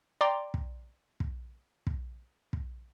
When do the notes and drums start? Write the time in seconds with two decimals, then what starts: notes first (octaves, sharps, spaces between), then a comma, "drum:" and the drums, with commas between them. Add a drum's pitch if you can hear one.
0.21 D5 G5 A#5 C6 D6
0.54 drum: kick
1.20 drum: kick
1.87 drum: kick
2.53 drum: kick